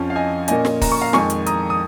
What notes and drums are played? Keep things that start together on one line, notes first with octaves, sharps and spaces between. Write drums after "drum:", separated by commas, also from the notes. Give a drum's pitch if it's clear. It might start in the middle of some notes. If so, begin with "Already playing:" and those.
Already playing: F2 F3 C#4
F5
D#5 G#5
A#2 A#3 C#4 D#5 G#5, drum: hi-hat
drum: snare
A#5, drum: kick, open hi-hat
C#6
F5 A#5
F2 D#3 G#3 G#5 C#6, drum: snare
drum: hi-hat
A#5 D#6, drum: hi-hat
D#6